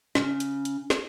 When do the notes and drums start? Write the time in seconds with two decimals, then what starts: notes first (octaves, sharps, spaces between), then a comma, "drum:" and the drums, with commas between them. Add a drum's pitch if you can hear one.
0.15 C#3, drum: snare
0.40 drum: hi-hat
0.65 drum: hi-hat
0.90 drum: snare